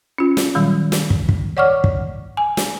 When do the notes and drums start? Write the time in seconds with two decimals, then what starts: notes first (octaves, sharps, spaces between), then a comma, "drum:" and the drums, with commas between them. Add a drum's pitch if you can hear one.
0.18 C#4 F4
0.37 drum: snare
0.55 A#2 D#3 F#3 G3
0.92 drum: snare
1.10 drum: kick
1.29 drum: kick
1.57 C#5 D5 F#5 C#6 D6 F6
1.84 drum: kick
2.37 G#5
2.57 drum: snare